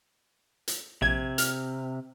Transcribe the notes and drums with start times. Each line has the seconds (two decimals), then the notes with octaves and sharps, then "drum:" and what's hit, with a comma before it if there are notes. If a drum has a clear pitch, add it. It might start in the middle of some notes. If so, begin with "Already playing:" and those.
0.68 drum: hi-hat
1.02 A#1 C3 G#6
1.38 F6, drum: hi-hat